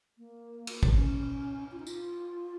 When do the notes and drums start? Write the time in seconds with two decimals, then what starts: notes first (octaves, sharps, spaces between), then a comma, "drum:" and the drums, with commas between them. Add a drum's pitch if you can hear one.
0.18 A#3
0.67 drum: cymbal
0.83 drum: kick
0.94 C#4
1.71 F4
1.79 D#4
1.87 F4, drum: tambourine